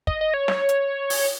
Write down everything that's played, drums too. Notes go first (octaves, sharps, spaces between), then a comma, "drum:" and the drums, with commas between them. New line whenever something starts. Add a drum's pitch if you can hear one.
D#5, drum: kick
D#5
C#5
drum: snare
drum: hi-hat
drum: open hi-hat